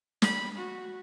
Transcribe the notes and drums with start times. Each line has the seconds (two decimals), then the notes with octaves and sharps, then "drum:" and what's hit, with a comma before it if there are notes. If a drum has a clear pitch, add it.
0.22 B5, drum: snare
0.57 F#4